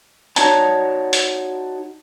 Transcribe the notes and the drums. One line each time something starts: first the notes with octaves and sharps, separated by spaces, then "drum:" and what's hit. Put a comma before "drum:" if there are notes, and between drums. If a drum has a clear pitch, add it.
D#4 F#4 C#5 D5 A5 A#5, drum: hi-hat
drum: hi-hat